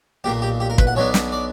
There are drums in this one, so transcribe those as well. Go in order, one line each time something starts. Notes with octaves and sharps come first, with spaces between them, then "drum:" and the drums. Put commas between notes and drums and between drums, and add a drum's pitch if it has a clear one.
B1 A#2 A#3 G4
G4
G4
A#4
B4, drum: kick
F#5
B1 B2 F#3 B3 D4 C#5
drum: snare
D5